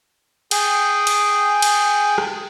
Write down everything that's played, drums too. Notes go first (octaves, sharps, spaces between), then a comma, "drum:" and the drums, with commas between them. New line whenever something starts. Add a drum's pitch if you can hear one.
G#4 G5, drum: cymbal
drum: cymbal
drum: cymbal
drum: rim click